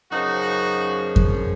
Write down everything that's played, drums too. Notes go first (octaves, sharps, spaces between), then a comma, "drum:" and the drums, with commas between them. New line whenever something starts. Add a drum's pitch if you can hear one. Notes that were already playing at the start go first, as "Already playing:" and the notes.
F#2 C#3 F3 D#4 F#4
drum: kick F2